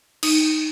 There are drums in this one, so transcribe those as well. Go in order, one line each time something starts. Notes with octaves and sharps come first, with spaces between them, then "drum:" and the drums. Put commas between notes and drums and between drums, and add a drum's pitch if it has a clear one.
D#4, drum: cymbal